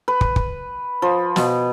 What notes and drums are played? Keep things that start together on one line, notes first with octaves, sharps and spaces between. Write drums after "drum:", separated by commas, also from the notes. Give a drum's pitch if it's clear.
B4
drum: kick
drum: kick
F3
B2, drum: snare